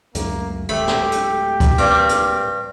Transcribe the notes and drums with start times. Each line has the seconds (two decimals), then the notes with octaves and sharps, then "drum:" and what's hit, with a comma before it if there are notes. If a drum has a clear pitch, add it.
0.15 C#2 F#2 A3 A#3, drum: hi-hat
0.69 D1 G#3 A3 G4 B5
0.87 drum: snare
1.12 drum: hi-hat
1.60 drum: kick C#2, hi-hat
1.78 G2 A#3 C4 D6
2.09 drum: hi-hat